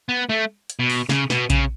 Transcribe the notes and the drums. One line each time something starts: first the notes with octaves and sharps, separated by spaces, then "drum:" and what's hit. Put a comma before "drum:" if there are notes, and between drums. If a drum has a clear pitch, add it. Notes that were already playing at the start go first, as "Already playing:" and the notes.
B3
A3
drum: hi-hat
B2
drum: open hi-hat
C#3, drum: snare
B2, drum: snare
C#3, drum: kick A#1, hi-hat